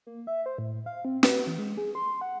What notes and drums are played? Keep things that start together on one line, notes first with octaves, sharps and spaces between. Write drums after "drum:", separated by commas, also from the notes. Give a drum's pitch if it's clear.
A#3
E5
C5
A2
F5
C4
B4, drum: snare
E3
G#3
G#4
C6
F#5